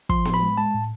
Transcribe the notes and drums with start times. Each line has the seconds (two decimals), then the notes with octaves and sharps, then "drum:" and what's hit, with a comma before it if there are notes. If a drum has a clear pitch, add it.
0.09 F3 C6, drum: kick
0.25 A2, drum: snare B3
0.34 B5
0.42 G#3
0.58 G#3 A5
0.74 A2